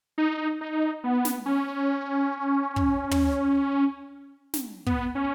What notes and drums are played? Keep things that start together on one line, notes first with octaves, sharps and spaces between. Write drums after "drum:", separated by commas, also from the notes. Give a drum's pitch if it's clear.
D#4
D#4
B3
drum: snare
C#4
drum: kick
drum: tom
drum: snare
B3, drum: kick
C#4